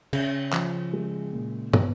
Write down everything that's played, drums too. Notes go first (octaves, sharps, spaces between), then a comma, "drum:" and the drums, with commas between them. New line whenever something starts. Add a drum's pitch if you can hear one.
C#3 C#4, drum: cymbal
F3, drum: clap
G#3
A#2
B3, drum: tom